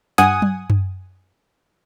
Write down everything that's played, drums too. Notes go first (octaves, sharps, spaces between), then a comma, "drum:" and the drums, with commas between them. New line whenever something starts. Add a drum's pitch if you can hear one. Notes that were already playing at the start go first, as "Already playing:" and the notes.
G2 F#5 G#5 D#6, drum: hi-hat
drum: tom F#3
drum: tom F#2